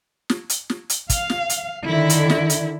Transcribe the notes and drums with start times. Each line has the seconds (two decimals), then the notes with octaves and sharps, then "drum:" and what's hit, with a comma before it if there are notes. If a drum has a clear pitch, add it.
0.30 drum: snare
0.50 drum: hi-hat
0.70 drum: snare
0.90 drum: hi-hat
1.10 F5, drum: kick, hi-hat
1.30 drum: snare
1.50 drum: hi-hat
1.85 D3 D#3 E4
2.10 drum: hi-hat
2.30 drum: snare
2.50 drum: hi-hat